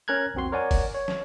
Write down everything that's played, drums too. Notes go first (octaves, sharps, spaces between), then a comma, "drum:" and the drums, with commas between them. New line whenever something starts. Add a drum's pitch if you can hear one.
C#4 A#4 A#5 F#6 G#6
A#1 E2 C4 F#4 C6
A#4 C#5 D5 F#5 G#5
drum: kick, open hi-hat
C#5
drum: snare